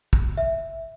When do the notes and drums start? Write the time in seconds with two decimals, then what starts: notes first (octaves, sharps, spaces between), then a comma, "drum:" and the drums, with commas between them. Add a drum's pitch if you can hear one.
0.13 drum: kick
0.37 E5